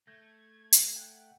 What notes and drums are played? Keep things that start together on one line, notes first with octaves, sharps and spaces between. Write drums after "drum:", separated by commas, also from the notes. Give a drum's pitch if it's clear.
A3 G6 G#6 A#6
drum: hi-hat
F#5 G5